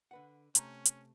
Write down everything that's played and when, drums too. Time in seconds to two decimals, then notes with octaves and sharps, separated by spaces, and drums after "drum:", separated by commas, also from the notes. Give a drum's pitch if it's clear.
0.11 D3 B4 F#5
0.55 C3 A3 C#4 A#5, drum: hi-hat
0.85 drum: hi-hat